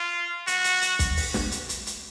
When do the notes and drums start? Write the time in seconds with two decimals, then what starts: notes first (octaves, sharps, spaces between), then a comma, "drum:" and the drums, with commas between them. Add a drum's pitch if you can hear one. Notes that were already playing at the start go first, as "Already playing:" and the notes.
Already playing: F4
0.47 F#4, drum: hi-hat
0.64 drum: hi-hat
0.82 drum: hi-hat
0.99 drum: kick, hi-hat
1.17 drum: open hi-hat
1.34 drum: snare
1.52 drum: hi-hat
1.69 drum: hi-hat
1.87 drum: hi-hat